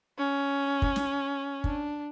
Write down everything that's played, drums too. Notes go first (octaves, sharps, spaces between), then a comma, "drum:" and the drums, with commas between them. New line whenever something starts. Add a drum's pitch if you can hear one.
C#4
drum: kick
drum: snare
D4, drum: kick